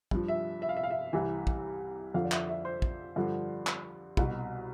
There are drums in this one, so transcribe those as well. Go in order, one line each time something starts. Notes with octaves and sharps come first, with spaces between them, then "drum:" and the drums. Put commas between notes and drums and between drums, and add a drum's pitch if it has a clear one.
G2 F3, drum: kick
E5
E5
F5
E5
F5
E5
C2 C3 E3 E5
drum: kick
F2 D3 F3 F5
D5
E5, drum: clap
E5
C5
drum: kick
G2 D3 F3
drum: clap
C2 B2, drum: kick